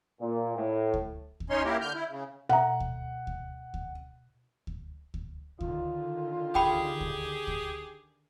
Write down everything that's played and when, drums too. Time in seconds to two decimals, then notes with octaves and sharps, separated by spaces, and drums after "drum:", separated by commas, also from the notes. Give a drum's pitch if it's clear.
0.21 A#2
0.57 A2
0.94 drum: kick D2
1.40 drum: kick D2
1.50 C#4 D#4 C#5 C6
1.64 A#3 E4 G4 A#4
1.81 D3 F6 G6
1.95 E4
2.09 C#3
2.49 B2 E5 F#5 A#5
2.80 drum: kick D2
3.27 drum: kick D2
3.74 drum: kick D2
4.67 drum: kick D2
5.14 drum: kick D2
5.61 D3 D#3 F4, drum: kick D2
6.55 G4 G#4 G5 B5, drum: kick D2
7.01 drum: kick D2
7.47 drum: kick D2